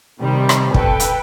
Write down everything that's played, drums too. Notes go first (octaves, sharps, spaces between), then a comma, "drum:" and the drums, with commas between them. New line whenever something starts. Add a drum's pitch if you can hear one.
C3 D#3 G3
drum: rim click
A4 B4 G5, drum: kick
drum: hi-hat